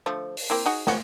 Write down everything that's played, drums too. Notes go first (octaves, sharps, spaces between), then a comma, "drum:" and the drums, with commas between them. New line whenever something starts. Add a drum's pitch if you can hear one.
D3 F3 A3
drum: open hi-hat
A#3 C4 E4
D#4 F#4 G#4
G#3 A#3 F#4, drum: snare